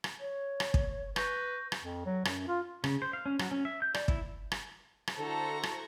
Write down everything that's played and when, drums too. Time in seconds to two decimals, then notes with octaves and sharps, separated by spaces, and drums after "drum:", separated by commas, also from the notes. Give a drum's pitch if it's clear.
0.04 drum: rim click
0.20 C#5
0.60 drum: rim click
0.74 drum: kick
1.16 B4 C#6 G6 A#6, drum: rim click
1.72 drum: rim click
1.82 F2
2.06 F#3
2.25 F#2, drum: rim click
2.47 F4
2.84 C#3, drum: rim click
3.02 C5
3.13 F5
3.26 C#4
3.39 F#3, drum: rim click
3.51 C#4
3.65 E5
3.82 G6
3.94 D5, drum: rim click
4.08 E4, drum: kick
4.52 drum: rim click
5.07 drum: rim click
5.17 D3 E4 F#4 A4 C5 A#5 C#6
5.63 drum: rim click